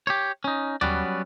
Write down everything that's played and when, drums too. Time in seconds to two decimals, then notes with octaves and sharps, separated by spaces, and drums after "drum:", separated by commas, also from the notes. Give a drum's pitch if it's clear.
0.07 G4 C#5
0.44 C#4 D#4
0.81 F#3 G3 B3 C#4 F#4 D5, drum: tom D#2